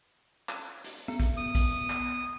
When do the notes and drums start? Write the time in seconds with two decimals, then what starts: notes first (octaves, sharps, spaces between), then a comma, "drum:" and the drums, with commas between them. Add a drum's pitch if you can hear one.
0.49 drum: clap
0.84 drum: hi-hat
1.08 B3
1.20 drum: kick A#1, hi-hat
1.37 D#6
1.55 drum: kick A#1, hi-hat
1.90 drum: clap